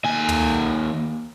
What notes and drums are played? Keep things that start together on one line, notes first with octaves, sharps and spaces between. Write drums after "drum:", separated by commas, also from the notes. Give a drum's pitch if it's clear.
D#2 G#5
drum: tom